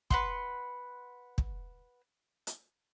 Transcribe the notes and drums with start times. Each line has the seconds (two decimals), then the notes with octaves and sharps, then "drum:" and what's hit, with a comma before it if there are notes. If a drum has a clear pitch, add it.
0.10 B4 F#5 C6, drum: kick
1.38 drum: kick
2.47 drum: hi-hat